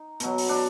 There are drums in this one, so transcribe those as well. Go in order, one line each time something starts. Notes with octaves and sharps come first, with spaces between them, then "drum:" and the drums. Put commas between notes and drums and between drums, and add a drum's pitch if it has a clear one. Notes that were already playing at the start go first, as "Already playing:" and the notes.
Already playing: D#4
B2 F#3, drum: hi-hat
drum: open hi-hat
D4